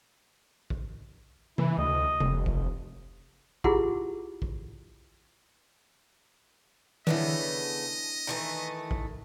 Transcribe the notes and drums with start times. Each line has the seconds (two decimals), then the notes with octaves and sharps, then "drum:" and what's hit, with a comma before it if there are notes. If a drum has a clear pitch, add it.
0.70 drum: kick
1.58 E3 E4, drum: tom C3
1.78 D2 D#5
2.20 F1, drum: tom C3
2.46 drum: kick
3.64 E4 F4 G4 G#4 F#5 C6, drum: kick
4.42 drum: kick
7.07 C#3 A3 B3 D4 E4 D#5, drum: tom D#3
8.27 D#3 E3 A3
8.91 drum: kick